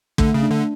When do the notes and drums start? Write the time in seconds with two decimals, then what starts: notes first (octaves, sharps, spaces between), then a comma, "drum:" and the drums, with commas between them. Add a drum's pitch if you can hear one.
0.18 D3 A3, drum: kick
0.34 C#3
0.43 D4
0.51 D3